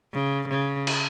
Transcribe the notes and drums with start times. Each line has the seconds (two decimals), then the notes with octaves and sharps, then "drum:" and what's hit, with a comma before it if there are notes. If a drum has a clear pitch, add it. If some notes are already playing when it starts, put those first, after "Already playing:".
0.13 C#3
0.49 C#3
0.87 drum: cymbal